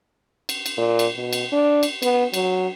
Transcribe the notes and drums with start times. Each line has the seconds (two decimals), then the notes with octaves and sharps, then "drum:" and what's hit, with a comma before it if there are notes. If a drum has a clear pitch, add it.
0.49 drum: cymbal
0.66 drum: cymbal
0.78 A#2
0.99 drum: cymbal
1.16 B2
1.33 drum: cymbal
1.52 D4
1.83 drum: cymbal
2.02 B3, drum: cymbal
2.34 F#3, drum: cymbal